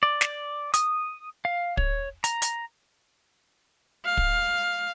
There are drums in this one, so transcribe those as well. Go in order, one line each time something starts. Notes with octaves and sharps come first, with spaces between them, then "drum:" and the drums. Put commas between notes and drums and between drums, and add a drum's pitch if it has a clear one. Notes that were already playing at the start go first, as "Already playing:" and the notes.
D5
drum: snare
D#6, drum: hi-hat
F5
C#5, drum: kick
A#5, drum: hi-hat
drum: hi-hat
F5
drum: kick